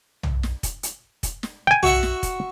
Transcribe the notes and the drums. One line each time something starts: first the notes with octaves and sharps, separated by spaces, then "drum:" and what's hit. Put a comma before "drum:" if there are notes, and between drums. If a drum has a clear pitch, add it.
drum: tom B1
drum: snare
drum: kick, hi-hat
drum: hi-hat
drum: kick, hi-hat
drum: snare
G5 G#5
F#4 E5 F#5, drum: tom B1
drum: snare
drum: kick, hi-hat